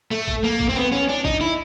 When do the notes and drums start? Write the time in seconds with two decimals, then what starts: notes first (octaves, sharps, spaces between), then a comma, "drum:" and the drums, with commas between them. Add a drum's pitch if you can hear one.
0.11 A3
0.28 drum: kick A#1
0.44 A#3
0.60 drum: kick A#1
0.69 C4
0.76 B3, drum: snare
0.92 C#4
1.09 D4
1.25 D#4, drum: kick A#1
1.41 E4